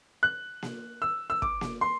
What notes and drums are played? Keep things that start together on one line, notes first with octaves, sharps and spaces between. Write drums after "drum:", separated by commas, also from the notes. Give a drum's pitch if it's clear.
F#6
drum: snare A#3
E6
E6
D6, drum: kick
drum: snare A#3
C6